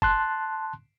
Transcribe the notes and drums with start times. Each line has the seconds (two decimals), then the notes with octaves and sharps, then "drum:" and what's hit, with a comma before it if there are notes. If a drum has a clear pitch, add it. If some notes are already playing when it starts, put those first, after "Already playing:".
0.02 A5 C6 F#6, drum: kick